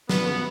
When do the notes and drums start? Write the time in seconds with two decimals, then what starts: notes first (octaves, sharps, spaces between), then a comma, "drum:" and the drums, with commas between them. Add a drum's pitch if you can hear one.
0.09 B3, drum: snare
0.26 B3